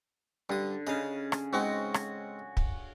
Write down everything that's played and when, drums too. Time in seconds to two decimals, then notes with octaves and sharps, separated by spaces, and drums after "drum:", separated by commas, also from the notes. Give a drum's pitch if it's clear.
0.49 G2 D3 D#6
0.87 C#3 D#5 F5
1.32 drum: rim click
1.53 G#2 C4 D#4 F#4
1.94 drum: rim click
2.57 drum: kick